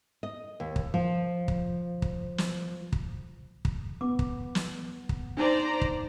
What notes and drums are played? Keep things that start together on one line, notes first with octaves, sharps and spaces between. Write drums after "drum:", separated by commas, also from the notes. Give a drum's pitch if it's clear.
D#5
D#2
drum: kick
F3
drum: kick
drum: kick
drum: snare
drum: kick
drum: kick
B3 D6
drum: kick
drum: snare
drum: kick
D4 D#4 C5 D5 A5 A#5
drum: kick